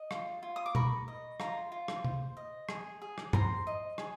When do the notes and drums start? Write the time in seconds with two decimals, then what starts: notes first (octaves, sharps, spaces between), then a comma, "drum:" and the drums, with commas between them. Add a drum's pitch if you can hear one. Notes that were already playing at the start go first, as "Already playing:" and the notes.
Already playing: D#5
0.11 F4, drum: rim click
0.43 F4
0.56 D#6
0.66 D6
0.75 A#4 B5 C#6, drum: tom
1.08 D#5
1.40 F4 A#5 C6, drum: rim click
1.72 F4
1.88 drum: rim click
2.04 C5, drum: tom
2.37 D#5
2.69 G#4, drum: rim click
3.02 G#4
3.18 drum: rim click
3.33 C5 A#5 C6, drum: tom
3.67 D#5
3.98 G#4, drum: rim click